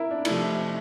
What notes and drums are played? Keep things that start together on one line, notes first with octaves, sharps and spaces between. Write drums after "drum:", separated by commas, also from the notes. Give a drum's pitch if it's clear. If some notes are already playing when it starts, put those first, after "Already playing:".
Already playing: E4 A#4 E5
D4
C3 F3 A3 E4, drum: cymbal